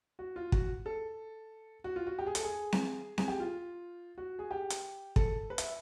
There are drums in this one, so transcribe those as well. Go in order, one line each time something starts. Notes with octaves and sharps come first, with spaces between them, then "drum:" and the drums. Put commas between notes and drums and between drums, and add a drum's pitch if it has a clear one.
F#4
F4
F#4, drum: kick
A4
F#4
F4
F#4
G4
G#4
A4, drum: hi-hat
G#4
drum: snare C4
G#4, drum: snare C4
G4
F4
F#4
G#4
G4
drum: hi-hat
A4, drum: kick
B4
E5, drum: hi-hat